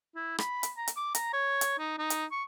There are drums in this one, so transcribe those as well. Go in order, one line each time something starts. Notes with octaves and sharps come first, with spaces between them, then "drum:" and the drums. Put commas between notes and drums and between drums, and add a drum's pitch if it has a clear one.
E4
B5, drum: rim click
drum: hi-hat
A#5
drum: hi-hat
D6
A#5, drum: hi-hat
C#5
drum: hi-hat
D#4
D#4
drum: hi-hat
C#6